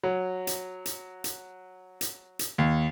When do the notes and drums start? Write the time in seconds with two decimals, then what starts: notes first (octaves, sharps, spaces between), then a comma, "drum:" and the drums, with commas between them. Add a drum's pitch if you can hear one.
0.03 F#3
0.47 drum: hi-hat
0.86 drum: hi-hat
1.24 drum: hi-hat
2.01 drum: hi-hat
2.39 drum: hi-hat
2.58 D#2